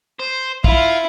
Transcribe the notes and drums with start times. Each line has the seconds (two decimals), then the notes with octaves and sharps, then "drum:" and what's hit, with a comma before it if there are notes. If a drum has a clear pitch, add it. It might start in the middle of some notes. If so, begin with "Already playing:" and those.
0.19 C5
0.64 E4 F4, drum: kick